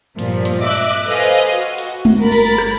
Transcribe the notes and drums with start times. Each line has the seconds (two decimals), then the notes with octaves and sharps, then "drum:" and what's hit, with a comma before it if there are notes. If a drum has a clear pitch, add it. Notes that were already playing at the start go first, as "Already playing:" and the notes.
0.19 G2 A#2 F3, drum: hi-hat
0.45 drum: hi-hat
0.62 D#5 E5 D6 F#6
0.72 drum: hi-hat
1.06 A4 B4 C5 D#5 F5 G#5
1.25 drum: hi-hat
1.52 F#4, drum: hi-hat
1.78 drum: hi-hat
2.05 drum: tom G#3
2.20 G1 A#4 B5 A6
2.32 drum: open hi-hat
2.58 drum: rim click